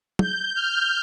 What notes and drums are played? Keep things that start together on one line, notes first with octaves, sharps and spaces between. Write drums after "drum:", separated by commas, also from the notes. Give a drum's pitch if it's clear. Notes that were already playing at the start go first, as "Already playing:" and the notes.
G6, drum: tom
F6